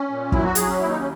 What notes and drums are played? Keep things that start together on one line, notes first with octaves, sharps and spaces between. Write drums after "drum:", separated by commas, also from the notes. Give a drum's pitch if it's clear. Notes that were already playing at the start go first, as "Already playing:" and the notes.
Already playing: C#4
A#2
F#3 E4, drum: kick
F#4
F#3 G#4, drum: hi-hat
C#4
D#2 E4
D#4
C#4